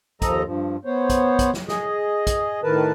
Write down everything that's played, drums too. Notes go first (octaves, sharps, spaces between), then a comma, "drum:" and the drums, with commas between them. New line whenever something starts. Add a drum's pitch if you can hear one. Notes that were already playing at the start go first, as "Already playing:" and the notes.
D#2 F3 A4 D#5 A#5, drum: kick, hi-hat
G2 F3
B3 C5 C#5
drum: kick, hi-hat
drum: kick, hi-hat
drum: snare
G#4 D#5, drum: snare
drum: kick, hi-hat
A2 D#3 A#4 B4 A5